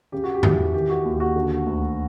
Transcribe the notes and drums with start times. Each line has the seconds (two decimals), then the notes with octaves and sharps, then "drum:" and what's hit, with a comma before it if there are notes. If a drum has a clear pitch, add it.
0.12 C#3 G4
0.24 F#4
0.35 G4
0.43 E3, drum: tom E2
0.73 D#3 G4
0.89 F#4
1.05 D#2
1.13 G4
1.20 F#4
1.35 D3
1.66 D2